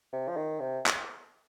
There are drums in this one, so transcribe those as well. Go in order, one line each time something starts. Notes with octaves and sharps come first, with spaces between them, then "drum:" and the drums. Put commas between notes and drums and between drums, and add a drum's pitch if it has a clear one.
C3
F3
D#3
C3
drum: clap